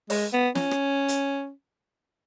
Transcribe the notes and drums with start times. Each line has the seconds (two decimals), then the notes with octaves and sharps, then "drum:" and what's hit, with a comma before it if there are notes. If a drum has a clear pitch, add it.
0.10 G#3, drum: open hi-hat
0.33 B3
0.55 C#4, drum: snare
0.71 drum: rim click
1.08 drum: hi-hat